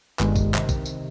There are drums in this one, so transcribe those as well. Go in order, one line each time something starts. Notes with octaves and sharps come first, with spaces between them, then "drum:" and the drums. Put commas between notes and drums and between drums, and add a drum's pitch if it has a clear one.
G1 G2 D#3 G#3, drum: clap
drum: kick, tambourine
C3 D#3, drum: clap
drum: kick, tambourine
drum: tambourine